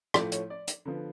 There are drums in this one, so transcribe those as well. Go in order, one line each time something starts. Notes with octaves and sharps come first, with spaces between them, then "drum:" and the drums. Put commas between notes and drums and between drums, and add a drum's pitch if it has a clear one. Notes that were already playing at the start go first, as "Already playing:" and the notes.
A2 F3 A3 D5, drum: rim click
C#5, drum: hi-hat
D5
drum: hi-hat
D3 F3 B3